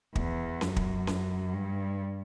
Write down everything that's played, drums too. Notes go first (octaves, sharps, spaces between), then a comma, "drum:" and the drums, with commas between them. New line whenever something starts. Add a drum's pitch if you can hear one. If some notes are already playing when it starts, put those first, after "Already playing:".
E2, drum: kick
F#2, drum: snare C#4
drum: kick
drum: snare C#4
G2